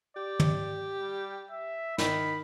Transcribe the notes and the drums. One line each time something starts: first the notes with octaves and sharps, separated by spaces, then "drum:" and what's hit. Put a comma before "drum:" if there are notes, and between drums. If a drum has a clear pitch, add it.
G4 D5
drum: tom
G3
E5
D#3 B5, drum: snare